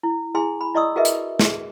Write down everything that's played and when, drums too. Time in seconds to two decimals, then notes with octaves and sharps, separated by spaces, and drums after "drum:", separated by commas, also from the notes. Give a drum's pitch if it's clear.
0.03 E4
0.35 E4 G#4 G#5 C6
0.61 B5
0.74 E4 D5 D#5 C#6 D#6 E6
0.96 F#4 G#4 A#4 B4 D#5 E5
1.05 drum: hi-hat
1.39 G#4, drum: snare